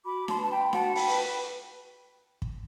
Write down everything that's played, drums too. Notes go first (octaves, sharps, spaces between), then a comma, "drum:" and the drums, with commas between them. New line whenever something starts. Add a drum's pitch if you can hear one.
F#4 B5 D6
A5 C6, drum: snare D4
B4 A5
G5 B5
F#4 F#5 A5, drum: snare D4
G5 B5, drum: open hi-hat
B4, drum: open hi-hat
drum: kick